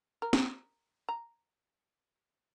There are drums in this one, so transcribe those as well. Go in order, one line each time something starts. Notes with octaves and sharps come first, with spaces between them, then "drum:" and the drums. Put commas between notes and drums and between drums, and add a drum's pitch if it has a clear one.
A#4
drum: snare
A#5